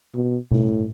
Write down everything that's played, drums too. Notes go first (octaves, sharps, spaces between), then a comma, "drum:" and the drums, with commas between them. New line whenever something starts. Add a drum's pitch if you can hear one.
B2
A2, drum: tom B2